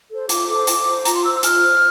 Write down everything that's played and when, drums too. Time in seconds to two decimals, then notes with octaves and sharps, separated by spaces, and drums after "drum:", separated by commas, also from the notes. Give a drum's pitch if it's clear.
0.11 A4 C5
0.29 F4 D6, drum: hi-hat
0.48 A4 C5
0.67 F4, drum: hi-hat
0.87 C5
1.05 F4 A#5, drum: hi-hat
1.14 C6
1.24 C5 E6
1.35 E6
1.43 F4 F6, drum: hi-hat
1.63 C5